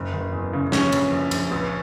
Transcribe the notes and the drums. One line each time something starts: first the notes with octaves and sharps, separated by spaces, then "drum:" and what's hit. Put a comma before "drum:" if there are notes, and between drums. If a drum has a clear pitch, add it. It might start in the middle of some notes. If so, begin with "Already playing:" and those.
Already playing: F#1
F#1
E2
C#3
A#1 C#4, drum: snare
A#1, drum: cymbal
A#1
A#1, drum: cymbal
C#2